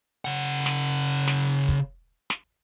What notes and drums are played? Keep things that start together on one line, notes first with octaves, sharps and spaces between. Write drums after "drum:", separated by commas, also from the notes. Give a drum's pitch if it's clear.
C#3 F#5
drum: snare
drum: snare
drum: kick
drum: snare